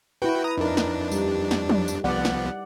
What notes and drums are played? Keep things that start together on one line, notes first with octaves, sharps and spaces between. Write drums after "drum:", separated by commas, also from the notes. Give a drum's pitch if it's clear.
E4 F#4 B4 G5
A#5 D#6
F2 D4 D#4 A#4
drum: snare
G3, drum: tambourine
drum: snare
drum: tom
drum: tambourine
C2 F3 B3 D5 F#5
drum: snare